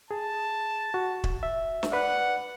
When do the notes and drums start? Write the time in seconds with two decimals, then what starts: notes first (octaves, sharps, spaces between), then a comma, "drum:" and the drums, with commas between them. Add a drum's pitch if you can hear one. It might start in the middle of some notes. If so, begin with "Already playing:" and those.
0.11 G#4 A5
0.94 F#4
1.24 drum: kick
1.43 E5
1.83 drum: snare
1.92 B4 D5 F#5